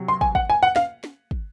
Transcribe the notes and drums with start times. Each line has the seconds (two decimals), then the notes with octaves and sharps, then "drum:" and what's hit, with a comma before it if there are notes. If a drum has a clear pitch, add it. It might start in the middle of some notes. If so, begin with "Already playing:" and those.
Already playing: C3 F#3
0.08 C6
0.21 G#5, drum: kick
0.35 F#5, drum: kick
0.50 G#5
0.63 F#5
0.76 F5, drum: snare
1.04 drum: snare
1.31 drum: kick